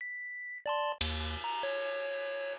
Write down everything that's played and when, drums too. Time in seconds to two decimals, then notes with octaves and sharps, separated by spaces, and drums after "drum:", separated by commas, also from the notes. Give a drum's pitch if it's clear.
0.01 B6
0.66 D5 A5 C6
1.01 D#2, drum: cymbal
1.44 A#5
1.63 C#5